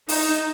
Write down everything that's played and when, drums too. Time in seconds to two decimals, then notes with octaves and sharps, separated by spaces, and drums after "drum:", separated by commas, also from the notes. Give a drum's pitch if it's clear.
0.09 D#4, drum: open hi-hat